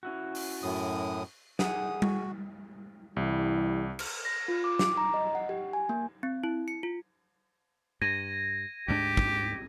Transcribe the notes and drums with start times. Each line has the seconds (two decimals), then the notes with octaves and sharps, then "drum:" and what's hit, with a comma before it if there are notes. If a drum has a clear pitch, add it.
0.03 C#4 E4 F#4
0.35 drum: open hi-hat
0.63 F#2 A2 D#6
1.59 G#4 F#5 G#5 D#6, drum: snare
2.02 F#4, drum: tom G3
3.16 C2 E3 G3 E4
3.99 drum: cymbal
4.25 A#6
4.48 F4
4.64 D6
4.79 D6, drum: snare
4.97 A#5
5.14 D#5
5.35 F#5
5.49 G4
5.73 G#5
5.89 A#3
6.23 C4
6.44 E4
6.68 C#7
6.83 F4
8.02 G2 G#6 A#6 D#7
8.88 D2 G#2 D4 G4
9.17 drum: kick